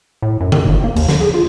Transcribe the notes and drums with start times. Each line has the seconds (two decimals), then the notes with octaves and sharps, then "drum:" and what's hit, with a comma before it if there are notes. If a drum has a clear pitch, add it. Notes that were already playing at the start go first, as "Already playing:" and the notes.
0.22 A2
0.41 F#2
0.52 D#3, drum: tom C3
0.68 G1
0.84 A#3
0.96 D#2, drum: cymbal
1.08 D3, drum: snare
1.21 G#4
1.34 F4